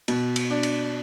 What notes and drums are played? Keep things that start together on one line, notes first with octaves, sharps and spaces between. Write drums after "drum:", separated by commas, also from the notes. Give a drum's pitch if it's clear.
B2, drum: cymbal
drum: cymbal
D4
drum: cymbal